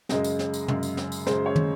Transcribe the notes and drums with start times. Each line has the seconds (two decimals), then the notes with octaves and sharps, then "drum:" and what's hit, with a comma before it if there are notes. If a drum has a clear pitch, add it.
0.09 F#2 C#3 G#3 D#5, drum: snare
0.24 drum: tambourine
0.39 drum: snare
0.54 drum: tambourine
0.68 F#2 C#3 G#3, drum: tom
0.83 drum: tambourine
0.97 drum: snare
1.12 drum: tambourine
1.26 F#2 C#3 G#3 C5, drum: snare
1.46 C#5
1.56 drum: tom